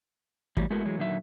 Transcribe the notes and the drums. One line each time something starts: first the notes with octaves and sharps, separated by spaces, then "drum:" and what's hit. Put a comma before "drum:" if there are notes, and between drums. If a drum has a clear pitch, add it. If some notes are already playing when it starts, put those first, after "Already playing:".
E3 F#3 G3 A3, drum: kick
G#3 A3 B3 E4 F#4 A#4
E3 F#3 G#3 A3
A#2 D3 D#3 F#3 E5